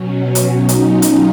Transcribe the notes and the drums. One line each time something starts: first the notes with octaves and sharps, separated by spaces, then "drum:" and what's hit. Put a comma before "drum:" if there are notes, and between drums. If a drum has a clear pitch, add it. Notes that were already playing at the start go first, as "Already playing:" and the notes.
Already playing: B2 F#3 C#4
drum: hi-hat
D#4
drum: hi-hat
C#4 F4
drum: hi-hat